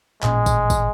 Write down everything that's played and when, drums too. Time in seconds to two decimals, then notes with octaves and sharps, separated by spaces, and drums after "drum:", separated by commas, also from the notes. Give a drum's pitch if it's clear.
0.23 A1 A#2 G#3 C#4, drum: clap
0.46 drum: kick, tambourine
0.70 drum: kick, tambourine